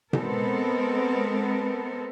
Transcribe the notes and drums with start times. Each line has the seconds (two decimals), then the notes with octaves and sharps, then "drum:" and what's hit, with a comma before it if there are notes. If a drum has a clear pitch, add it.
0.13 G#3 B3 C4 A4 A#4, drum: tom B2